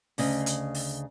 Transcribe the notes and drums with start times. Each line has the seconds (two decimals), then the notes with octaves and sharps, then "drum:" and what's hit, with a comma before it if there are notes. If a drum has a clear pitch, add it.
0.18 D2 C#3 D#5, drum: open hi-hat
0.46 drum: hi-hat
0.74 drum: open hi-hat